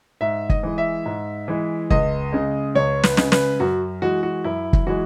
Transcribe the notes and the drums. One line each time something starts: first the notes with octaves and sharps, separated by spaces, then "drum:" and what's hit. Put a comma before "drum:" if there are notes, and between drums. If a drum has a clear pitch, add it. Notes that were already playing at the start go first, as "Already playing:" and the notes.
G#2 E5
D#5, drum: kick
E3 G#3
E5
G#2
E3 G#3
C#2 D#5, drum: kick
C#3 G#3
C#2 C#5
B4, drum: snare
C#3 G#3, drum: snare
B4, drum: snare
F#2 F#4
E3 G#3 F#4
F#4
F#2 E4
drum: kick
E3 G#3 F#4